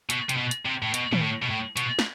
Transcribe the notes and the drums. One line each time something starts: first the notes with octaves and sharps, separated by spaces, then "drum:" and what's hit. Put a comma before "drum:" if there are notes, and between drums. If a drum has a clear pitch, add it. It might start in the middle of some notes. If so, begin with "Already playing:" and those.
B2, drum: hi-hat
C3, drum: hi-hat
B2
drum: hi-hat
C3
A2
B2, drum: hi-hat
B2, drum: tom
A2
B2
A2
B2, drum: hi-hat
drum: snare